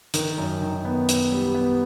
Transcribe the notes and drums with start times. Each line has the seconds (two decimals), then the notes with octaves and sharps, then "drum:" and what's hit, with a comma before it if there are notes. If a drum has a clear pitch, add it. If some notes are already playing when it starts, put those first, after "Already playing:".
0.14 D#3, drum: hi-hat
0.38 F#2
0.62 D#3
0.85 B3
1.09 B3, drum: hi-hat
1.32 G3
1.54 B3